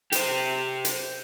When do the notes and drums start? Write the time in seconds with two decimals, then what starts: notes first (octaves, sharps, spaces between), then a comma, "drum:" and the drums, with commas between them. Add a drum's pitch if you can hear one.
0.12 G4 C5, drum: hi-hat
0.85 drum: hi-hat